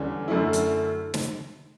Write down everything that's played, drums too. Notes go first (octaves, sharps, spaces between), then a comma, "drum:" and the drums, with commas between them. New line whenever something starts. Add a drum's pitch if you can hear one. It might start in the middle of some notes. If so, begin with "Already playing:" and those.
Already playing: E2 D3 G3 C#4
F#2 D3 A3 E4
drum: hi-hat
drum: snare